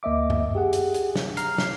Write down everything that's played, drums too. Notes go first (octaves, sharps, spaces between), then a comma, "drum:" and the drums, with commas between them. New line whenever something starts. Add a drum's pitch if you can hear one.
D2 A#3 D#5 E5 D6
drum: tom F#2
G4 G#4 F#5
drum: hi-hat
drum: hi-hat
drum: snare
A#5 F6 C7, drum: hi-hat
drum: snare